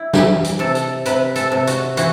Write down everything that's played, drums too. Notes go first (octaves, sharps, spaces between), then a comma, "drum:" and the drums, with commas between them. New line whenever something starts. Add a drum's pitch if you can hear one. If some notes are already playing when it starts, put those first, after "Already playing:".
Already playing: E4
E3 G4, drum: snare
drum: hi-hat
C3 A4
drum: hi-hat
C3 B4, drum: hi-hat
A4, drum: hi-hat
C3
F#4, drum: hi-hat
E3 F#4, drum: hi-hat